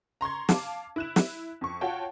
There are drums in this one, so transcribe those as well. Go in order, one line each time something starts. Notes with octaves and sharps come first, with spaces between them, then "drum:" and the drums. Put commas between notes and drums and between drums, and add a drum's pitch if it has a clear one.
A#5 C6 C#6 G#6
F5 A5 D6, drum: snare
E4 F#6 E7
drum: snare
F2 C#6
F4 F#4 C#5 F#5 G5 A5